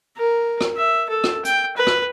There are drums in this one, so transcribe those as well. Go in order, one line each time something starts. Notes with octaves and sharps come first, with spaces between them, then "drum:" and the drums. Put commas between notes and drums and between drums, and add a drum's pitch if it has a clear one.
A#4
drum: rim click
E5
A4
drum: rim click
G5, drum: hi-hat
B4
drum: rim click